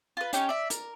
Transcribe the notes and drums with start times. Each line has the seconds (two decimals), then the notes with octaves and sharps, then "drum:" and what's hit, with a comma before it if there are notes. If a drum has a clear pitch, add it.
0.17 F4 B4
0.33 C#4 D#4 G4 C#5, drum: hi-hat
0.49 D5 E5
0.70 A#4, drum: hi-hat